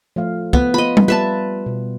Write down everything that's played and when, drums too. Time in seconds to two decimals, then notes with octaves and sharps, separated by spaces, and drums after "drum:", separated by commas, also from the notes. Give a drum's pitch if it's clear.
0.16 F3 A3 F5
0.53 B3, drum: kick
0.74 F4 D#5 B5
0.97 drum: tom G3
1.08 G3 F4 B4 E5 A5
1.66 B2